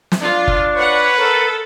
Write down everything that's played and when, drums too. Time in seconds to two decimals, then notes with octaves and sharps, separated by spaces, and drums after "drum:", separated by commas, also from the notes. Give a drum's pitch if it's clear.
0.12 drum: snare
0.21 D4 F4
0.47 drum: kick
0.77 B4 C#5 F#5
1.19 A4 A#4